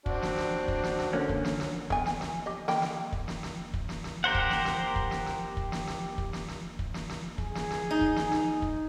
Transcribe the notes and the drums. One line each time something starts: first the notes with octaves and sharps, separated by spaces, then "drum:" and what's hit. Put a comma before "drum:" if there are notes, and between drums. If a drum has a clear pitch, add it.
C4 D4 F#4, drum: kick
drum: snare
drum: snare
drum: kick
drum: snare
drum: snare
D3 A#3 C#4
drum: kick
drum: snare
drum: snare
B3 G#5, drum: kick
drum: snare
drum: snare
G4 D#5
A#3 G5 B5, drum: snare
drum: snare
drum: kick
drum: snare
drum: snare
drum: kick
drum: snare
drum: snare
G4 A#4 C5 F#5
drum: kick
drum: snare
drum: snare
drum: kick
drum: snare
drum: snare
drum: kick
drum: snare
drum: snare
drum: kick
drum: snare
drum: snare
drum: kick
drum: snare
drum: snare
G#4, drum: kick
drum: snare
drum: snare
D#4
drum: kick
drum: snare
drum: snare
drum: kick